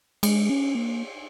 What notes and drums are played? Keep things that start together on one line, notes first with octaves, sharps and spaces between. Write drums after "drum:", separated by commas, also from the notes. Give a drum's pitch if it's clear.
G#3, drum: cymbal
C#4
A#3